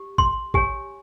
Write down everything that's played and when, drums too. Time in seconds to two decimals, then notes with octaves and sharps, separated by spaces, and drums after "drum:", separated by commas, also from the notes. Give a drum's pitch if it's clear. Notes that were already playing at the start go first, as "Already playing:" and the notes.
Already playing: G4
0.18 C6, drum: kick A1
0.54 G4 C#5 G#5, drum: kick A1